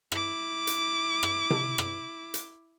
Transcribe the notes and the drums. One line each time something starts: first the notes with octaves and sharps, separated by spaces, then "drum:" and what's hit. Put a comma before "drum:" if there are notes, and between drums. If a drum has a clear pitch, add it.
E4 D6, drum: rim click
drum: hi-hat
drum: rim click
drum: tom C3
drum: rim click
drum: hi-hat